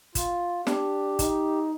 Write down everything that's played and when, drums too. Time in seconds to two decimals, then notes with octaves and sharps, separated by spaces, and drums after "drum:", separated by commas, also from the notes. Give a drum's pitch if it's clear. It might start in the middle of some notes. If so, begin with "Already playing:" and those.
0.15 F4, drum: kick, hi-hat
0.67 D4 G4, drum: snare
1.19 D#4, drum: kick, hi-hat